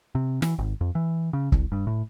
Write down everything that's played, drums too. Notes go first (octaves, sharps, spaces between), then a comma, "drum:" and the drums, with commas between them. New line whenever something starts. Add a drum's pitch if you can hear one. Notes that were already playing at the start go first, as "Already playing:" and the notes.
C3
E3, drum: snare
G#1
F2
E3
C#3
C2, drum: kick
G2
A2